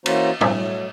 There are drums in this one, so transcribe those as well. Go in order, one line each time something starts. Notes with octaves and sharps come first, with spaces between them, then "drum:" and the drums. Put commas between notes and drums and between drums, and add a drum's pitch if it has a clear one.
E3 A#3 C#4 F#4 C5 A#5, drum: cymbal
G2 C3 C4 F4 E5, drum: tom
F#3 A3